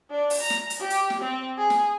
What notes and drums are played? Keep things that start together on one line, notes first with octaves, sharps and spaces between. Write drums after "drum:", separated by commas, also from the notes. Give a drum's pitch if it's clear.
D4
drum: open hi-hat
A#5
drum: snare
drum: hi-hat
G4
drum: hi-hat
drum: snare
C4
G#4
drum: snare